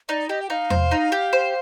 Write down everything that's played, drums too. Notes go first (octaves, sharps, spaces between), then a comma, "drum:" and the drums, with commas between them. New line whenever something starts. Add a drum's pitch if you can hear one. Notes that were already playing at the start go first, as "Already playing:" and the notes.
D#4 D5
G4 D#5
G5
D#4 F5
C5, drum: tom E2
D#4
G4
C5